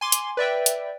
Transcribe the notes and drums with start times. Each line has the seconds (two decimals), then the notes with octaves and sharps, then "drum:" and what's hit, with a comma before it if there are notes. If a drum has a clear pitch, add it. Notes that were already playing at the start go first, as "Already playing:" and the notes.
0.01 G#5 C6 D6
0.12 drum: hi-hat
0.37 B4 D5 E5 G5
0.66 drum: hi-hat